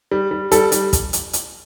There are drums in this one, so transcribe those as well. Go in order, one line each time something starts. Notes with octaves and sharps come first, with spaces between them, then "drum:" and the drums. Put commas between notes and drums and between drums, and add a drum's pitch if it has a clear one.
G3
G3
G3 A4, drum: hi-hat
G3, drum: hi-hat
drum: kick, hi-hat
drum: hi-hat
drum: hi-hat